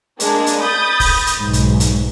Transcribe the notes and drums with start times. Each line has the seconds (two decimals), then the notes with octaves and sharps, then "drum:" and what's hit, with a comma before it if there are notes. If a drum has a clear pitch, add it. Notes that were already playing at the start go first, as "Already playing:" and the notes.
0.20 G#3 A#3 D4, drum: hi-hat
0.46 drum: hi-hat
0.59 B5 D#6 G6 A6
1.00 drum: kick, open hi-hat
1.27 drum: hi-hat
1.39 B1 G#2
1.53 drum: hi-hat
1.80 drum: hi-hat